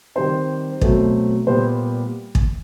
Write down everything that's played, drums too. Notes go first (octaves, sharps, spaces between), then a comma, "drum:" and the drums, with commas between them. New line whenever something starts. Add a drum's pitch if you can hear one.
D#3 G3 C4 C5
B2 F#3 A3 C4, drum: kick
A#2 G3 B3 C5
drum: kick